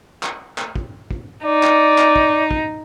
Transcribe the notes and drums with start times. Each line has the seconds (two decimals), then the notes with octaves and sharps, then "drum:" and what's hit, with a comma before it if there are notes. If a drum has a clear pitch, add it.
0.23 drum: clap
0.58 drum: clap
0.76 drum: kick
1.11 drum: kick
1.46 D#4 D5
1.63 drum: clap
1.98 drum: clap
2.16 drum: kick
2.51 drum: kick